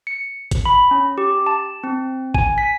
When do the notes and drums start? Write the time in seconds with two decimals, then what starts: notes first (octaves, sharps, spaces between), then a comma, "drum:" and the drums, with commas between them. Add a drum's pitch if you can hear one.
0.07 C#7
0.51 drum: kick G#1, hi-hat
0.65 B5
0.91 C#4
1.18 G4
1.46 A5
1.84 C4
2.34 G#5, drum: kick G#1
2.58 B6